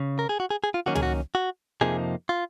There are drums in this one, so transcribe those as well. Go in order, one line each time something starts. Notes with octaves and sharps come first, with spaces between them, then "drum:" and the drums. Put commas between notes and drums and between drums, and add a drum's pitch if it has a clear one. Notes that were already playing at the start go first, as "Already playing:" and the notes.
Already playing: C#3
A#4
G#4
F#4
G#4
G#4
F4
D#3 F#3 A#3 C#4 F#4
G#4, drum: tom C#2
F#4
F#4
F2 C3 F3 A#3 D#4 G#4
F4